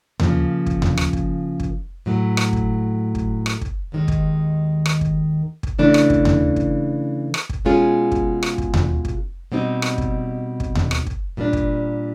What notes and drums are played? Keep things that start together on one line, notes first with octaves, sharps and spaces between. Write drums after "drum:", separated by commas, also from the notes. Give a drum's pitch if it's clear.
C#3 F3 A#3, drum: tom D#2
drum: kick
drum: tom D#2
drum: rim click
drum: kick
drum: kick
A2 F#3 A3
drum: rim click
drum: kick
drum: kick
drum: rim click
drum: kick
D#2 D#3 G#3
drum: kick
drum: rim click
drum: kick
drum: kick
C#3 E3 A3 D4
drum: rim click
drum: kick
drum: tom D#2
drum: kick
drum: rim click
drum: kick
B2 G#3 C#4 F4 G#4
drum: kick
drum: rim click
drum: kick
drum: tom D#2
drum: kick
B2 G3 C4 D#4
drum: rim click
drum: kick
drum: kick
drum: tom D#2
drum: rim click
drum: kick
A#2 G3 A#3 D4
drum: kick